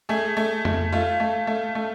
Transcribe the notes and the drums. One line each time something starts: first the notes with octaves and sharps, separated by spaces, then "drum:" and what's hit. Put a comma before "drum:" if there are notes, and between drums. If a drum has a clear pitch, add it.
A3 G#4
A3
A3, drum: tom F2
A3 F4
A3
A3
A3